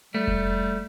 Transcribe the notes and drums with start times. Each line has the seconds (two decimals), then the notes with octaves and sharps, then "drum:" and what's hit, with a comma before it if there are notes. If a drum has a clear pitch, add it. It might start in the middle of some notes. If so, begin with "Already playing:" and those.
0.14 G3 A3
0.27 drum: kick F1